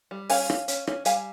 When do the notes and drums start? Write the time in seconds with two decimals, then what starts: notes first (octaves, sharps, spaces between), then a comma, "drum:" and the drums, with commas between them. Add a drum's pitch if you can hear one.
0.11 G3
0.30 C#4 F5 G#5, drum: open hi-hat
0.50 C#4, drum: rim click
0.68 C#4, drum: hi-hat
0.87 C#4, drum: rim click
1.05 G3 F5 G#5, drum: hi-hat